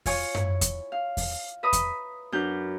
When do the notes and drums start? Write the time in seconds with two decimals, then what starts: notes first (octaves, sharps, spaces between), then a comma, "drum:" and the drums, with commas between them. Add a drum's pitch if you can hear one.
0.06 F4 C#5 G#5 C#6, drum: kick E2, open hi-hat
0.35 E4, drum: tom F#2
0.61 drum: kick E2, hi-hat
0.92 F5
1.17 drum: kick E2, open hi-hat
1.63 B4 E5 A#5 B5 D#6
1.73 drum: kick E2, hi-hat
2.32 F#2 D4 B4 F6 G6